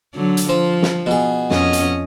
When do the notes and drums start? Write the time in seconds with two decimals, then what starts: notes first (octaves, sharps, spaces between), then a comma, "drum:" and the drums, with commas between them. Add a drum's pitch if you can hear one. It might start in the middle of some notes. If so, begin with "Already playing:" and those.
0.14 D3 F#3
0.37 drum: hi-hat
0.49 F3 C4
0.82 drum: snare
1.06 B2 G#4
1.50 F2 C#4 D#5, drum: snare
1.73 drum: hi-hat